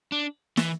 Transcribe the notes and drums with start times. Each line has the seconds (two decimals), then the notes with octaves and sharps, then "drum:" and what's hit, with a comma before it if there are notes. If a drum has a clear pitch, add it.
0.12 D4
0.57 E3, drum: snare